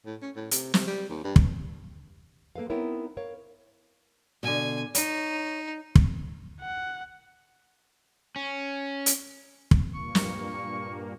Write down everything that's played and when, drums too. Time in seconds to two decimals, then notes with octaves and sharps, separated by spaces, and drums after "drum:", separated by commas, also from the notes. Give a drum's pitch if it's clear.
0.05 A2
0.22 C#4
0.35 A2
0.51 C3, drum: hi-hat
0.74 C3, drum: snare
0.87 G3
1.09 D#2
1.24 G2
1.36 drum: kick
2.56 A#3 A4 B4 F5
2.70 B3 C4 D#4 E4 A#4 C#5
3.17 A#4 C#5 F5
4.43 B2 D3 G#5
4.95 D#4 C#5, drum: hi-hat
5.95 drum: kick
6.61 F#5
8.36 C#4
9.06 drum: hi-hat
9.71 drum: kick
9.95 G2 A#2 A#3 C#6
10.15 drum: snare